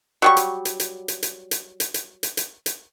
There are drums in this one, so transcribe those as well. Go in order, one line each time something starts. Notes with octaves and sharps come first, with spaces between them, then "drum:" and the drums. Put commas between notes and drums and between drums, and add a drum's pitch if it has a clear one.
F#3 G3 C#6
drum: hi-hat
drum: hi-hat
drum: hi-hat
drum: hi-hat
drum: hi-hat
drum: hi-hat
drum: hi-hat
drum: hi-hat
drum: hi-hat
drum: hi-hat
drum: hi-hat